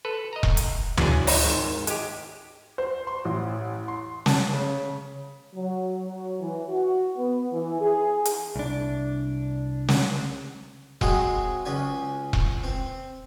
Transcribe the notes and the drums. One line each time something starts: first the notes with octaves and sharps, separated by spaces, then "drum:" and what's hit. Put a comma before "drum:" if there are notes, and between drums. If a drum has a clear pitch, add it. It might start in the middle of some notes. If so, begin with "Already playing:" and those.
A4 B4
D#5 A#5
drum: kick E1
drum: hi-hat
E3 F#3 D4 G#4, drum: tom D2
F3 D#4, drum: open hi-hat
G#1 G#2
G#3 G4, drum: hi-hat
C5
C6
A1
C6
A5, drum: snare
C#3
F#3
F#3
E3
F#4
B3
E3
G#4
drum: hi-hat
C2 D4
drum: snare
F#3 G#3 C4 F#4 G#4, drum: kick E1
C#2 C#4 G#5
drum: kick E1
C4